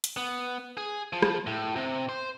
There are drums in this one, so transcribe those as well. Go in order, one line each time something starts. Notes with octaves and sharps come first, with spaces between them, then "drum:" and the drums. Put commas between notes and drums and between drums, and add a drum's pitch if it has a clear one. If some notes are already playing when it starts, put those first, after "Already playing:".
drum: hi-hat
B3
G#4
F3
drum: rim click
A2
C3
C5